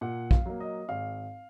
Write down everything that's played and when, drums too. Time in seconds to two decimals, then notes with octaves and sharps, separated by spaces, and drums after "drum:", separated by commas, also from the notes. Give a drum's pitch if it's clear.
0.01 A#2 F#5
0.31 F5, drum: kick
0.46 F#3 A#3
0.60 D#5
0.89 G#1 F5